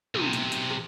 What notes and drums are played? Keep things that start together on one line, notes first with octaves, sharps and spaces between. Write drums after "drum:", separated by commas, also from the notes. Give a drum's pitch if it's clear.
B1 C3, drum: tom
drum: hi-hat
drum: hi-hat
drum: rim click